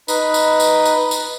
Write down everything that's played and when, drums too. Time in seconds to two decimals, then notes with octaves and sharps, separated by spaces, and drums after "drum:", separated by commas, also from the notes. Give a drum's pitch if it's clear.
0.08 D#4 B4, drum: tambourine
0.34 drum: tambourine
0.60 drum: tambourine
0.85 drum: tambourine
1.11 drum: tambourine